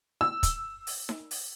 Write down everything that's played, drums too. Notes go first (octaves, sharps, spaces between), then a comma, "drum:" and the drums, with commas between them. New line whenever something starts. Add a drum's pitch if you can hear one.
E6
drum: kick, hi-hat
drum: open hi-hat
drum: snare D#4
drum: open hi-hat